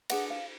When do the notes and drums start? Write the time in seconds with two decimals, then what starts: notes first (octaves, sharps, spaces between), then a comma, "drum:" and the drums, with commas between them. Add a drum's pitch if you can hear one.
0.10 D4 F4 G#4 B4 F#5, drum: cymbal
0.30 F5